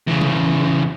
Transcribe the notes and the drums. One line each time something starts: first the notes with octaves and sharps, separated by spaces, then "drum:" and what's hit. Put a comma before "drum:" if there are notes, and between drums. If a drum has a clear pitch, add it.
E2 C#3
drum: tom